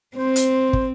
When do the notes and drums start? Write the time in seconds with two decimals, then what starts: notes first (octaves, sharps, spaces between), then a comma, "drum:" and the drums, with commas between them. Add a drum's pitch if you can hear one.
0.17 C4 C5
0.36 drum: hi-hat
0.73 drum: kick